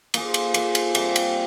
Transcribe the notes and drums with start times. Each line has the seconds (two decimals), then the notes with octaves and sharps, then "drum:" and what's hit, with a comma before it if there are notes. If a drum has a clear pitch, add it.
0.14 A#3 F4 G#4 C5, drum: cymbal
0.34 drum: cymbal
0.54 A#3 F4 G#4 C5, drum: cymbal
0.75 drum: cymbal
0.95 C3 G3 A#3, drum: cymbal
1.16 drum: cymbal